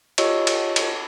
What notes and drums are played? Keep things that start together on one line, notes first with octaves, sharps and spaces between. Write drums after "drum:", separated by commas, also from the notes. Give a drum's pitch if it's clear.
F4 G4 C#5 D#5 C#6 E6, drum: cymbal
drum: cymbal
drum: cymbal